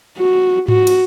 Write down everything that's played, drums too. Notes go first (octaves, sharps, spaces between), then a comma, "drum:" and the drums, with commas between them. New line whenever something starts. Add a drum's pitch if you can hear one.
F#4
F#4, drum: tom G#2
drum: cymbal